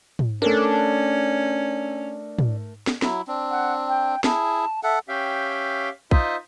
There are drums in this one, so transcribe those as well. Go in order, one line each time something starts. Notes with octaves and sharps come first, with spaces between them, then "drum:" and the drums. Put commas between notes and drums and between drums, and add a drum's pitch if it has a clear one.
drum: tom
A3 C#4 D4 A4 A#4
drum: tom
drum: snare
F#3 E4, drum: snare
C4 D4
F#5
G5
E4 G#4 A5, drum: snare
A4 E5 F#5
C#4 G4 E5 F5 G5
D#4 F4 C5 D#5 E5, drum: kick